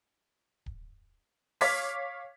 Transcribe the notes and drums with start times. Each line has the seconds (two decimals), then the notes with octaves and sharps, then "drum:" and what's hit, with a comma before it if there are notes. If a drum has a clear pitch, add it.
0.66 drum: kick D1
1.61 C#5 F5 D6 F6 G#6 B6, drum: open hi-hat